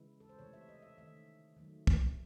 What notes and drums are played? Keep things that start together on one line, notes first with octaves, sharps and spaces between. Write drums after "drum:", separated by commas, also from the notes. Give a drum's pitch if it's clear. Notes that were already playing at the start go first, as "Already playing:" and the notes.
Already playing: C#3 E3 G#3 E4
A4
C5
C3 E3 A3 C#5
E5
D#5
E5
D#3 A3 E5
D#3 F#3 A3
drum: kick